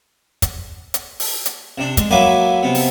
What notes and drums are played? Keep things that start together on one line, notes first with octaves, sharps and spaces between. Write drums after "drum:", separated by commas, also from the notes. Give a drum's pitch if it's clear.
drum: kick, hi-hat
drum: hi-hat
drum: open hi-hat
drum: hi-hat
C3 D4
G#3, drum: kick, hi-hat
F#3 A#3 B4 E5 G#5 D6
C3 B3
drum: open hi-hat